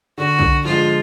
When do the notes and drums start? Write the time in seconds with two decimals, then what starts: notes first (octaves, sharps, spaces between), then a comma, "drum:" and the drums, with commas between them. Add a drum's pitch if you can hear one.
0.18 D3 F#4
0.39 drum: kick B1
0.65 F3 G#3 F4